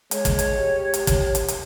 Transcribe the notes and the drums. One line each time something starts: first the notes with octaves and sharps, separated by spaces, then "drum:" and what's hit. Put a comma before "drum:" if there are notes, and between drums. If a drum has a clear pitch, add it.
G#3 C#5, drum: hi-hat
drum: kick, hi-hat
drum: hi-hat
G4
drum: hi-hat
drum: kick, hi-hat
drum: hi-hat
drum: hi-hat